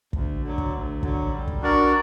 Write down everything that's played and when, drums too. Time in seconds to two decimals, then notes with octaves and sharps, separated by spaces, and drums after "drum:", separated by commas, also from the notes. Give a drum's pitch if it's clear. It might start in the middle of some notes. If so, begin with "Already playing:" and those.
0.13 D2, drum: kick
0.43 D3 F#3
0.58 drum: kick
0.73 D2
1.03 D3 F#3, drum: kick
1.33 G3
1.47 drum: kick
1.62 D4 F#4 A#4 D5